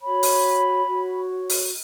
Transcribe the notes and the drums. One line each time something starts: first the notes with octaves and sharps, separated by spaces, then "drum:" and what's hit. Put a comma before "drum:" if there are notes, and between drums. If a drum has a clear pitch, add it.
F#4 C#5 B5
drum: open hi-hat
F#4 C#5
drum: open hi-hat